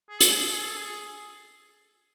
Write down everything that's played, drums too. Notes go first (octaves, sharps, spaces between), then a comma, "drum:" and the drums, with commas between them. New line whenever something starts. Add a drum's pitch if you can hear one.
G#4
A4, drum: hi-hat
G#4
A4
G#4
A4
G#4